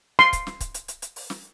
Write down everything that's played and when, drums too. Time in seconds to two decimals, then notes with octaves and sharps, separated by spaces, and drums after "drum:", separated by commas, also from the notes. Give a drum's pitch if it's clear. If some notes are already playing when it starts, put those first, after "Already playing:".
0.19 C6, drum: snare
0.33 drum: kick C#1, hi-hat
0.47 drum: snare
0.61 drum: kick C#1, hi-hat
0.74 drum: hi-hat
0.88 drum: hi-hat
1.02 drum: hi-hat
1.16 drum: open hi-hat
1.30 drum: snare